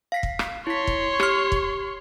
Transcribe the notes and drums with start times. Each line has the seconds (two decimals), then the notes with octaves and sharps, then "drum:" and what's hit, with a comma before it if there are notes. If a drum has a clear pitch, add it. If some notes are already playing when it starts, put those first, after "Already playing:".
0.12 F5 B6 C7
0.23 drum: kick
0.39 drum: rim click
0.67 E4 C#5 C6 B6
0.87 drum: kick
1.20 G4 F6, drum: rim click
1.52 drum: kick